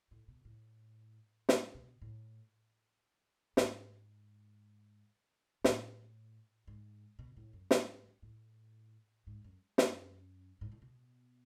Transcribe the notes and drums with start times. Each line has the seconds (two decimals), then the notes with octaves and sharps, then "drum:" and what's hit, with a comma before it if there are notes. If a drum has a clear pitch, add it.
0.11 A2
0.28 B2
0.45 A2
1.49 G#2, drum: snare
1.75 B2
2.02 A2
3.57 G#2, drum: snare
5.64 A2, drum: snare
6.67 G#2
7.19 B2
7.37 A2
7.53 F#2
7.71 G#2, drum: snare
8.22 A2
9.27 G#2
9.44 F#2
9.78 F#2, drum: snare
10.61 G#2
10.72 A2
10.82 B2